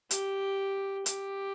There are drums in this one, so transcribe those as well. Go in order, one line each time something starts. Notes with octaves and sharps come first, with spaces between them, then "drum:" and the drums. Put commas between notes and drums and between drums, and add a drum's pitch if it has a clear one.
G4, drum: hi-hat
G4, drum: hi-hat